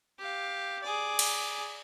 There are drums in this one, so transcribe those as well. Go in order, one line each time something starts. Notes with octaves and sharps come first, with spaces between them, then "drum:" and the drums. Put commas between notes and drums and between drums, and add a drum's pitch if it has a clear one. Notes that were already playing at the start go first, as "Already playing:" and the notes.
G4 F5
G#4 D5
drum: cymbal